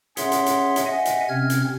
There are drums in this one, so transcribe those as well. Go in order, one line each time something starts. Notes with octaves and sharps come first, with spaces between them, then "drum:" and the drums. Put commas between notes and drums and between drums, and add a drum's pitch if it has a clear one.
C#4 G#4 C#5 E5 F#5 C6, drum: hi-hat
drum: hi-hat
drum: hi-hat
drum: hi-hat
D#5 E5 F#5 G#5
drum: hi-hat
C3 C4 C#4 F6 G#6
drum: hi-hat